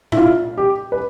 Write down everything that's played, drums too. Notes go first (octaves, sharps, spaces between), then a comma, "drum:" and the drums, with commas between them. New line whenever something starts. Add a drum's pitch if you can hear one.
E4, drum: tom A#2
F4
G4
B4